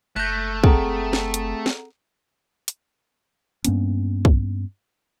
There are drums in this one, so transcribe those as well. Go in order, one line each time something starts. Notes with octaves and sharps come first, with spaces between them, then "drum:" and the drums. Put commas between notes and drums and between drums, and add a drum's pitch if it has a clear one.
F#1 A3 F#6 G6 A#6 B6
C4 G#4 A4 F#5 A#5, drum: kick
drum: snare
drum: hi-hat
drum: snare
drum: hi-hat
G2 A#3 B3 C#4, drum: hi-hat
drum: kick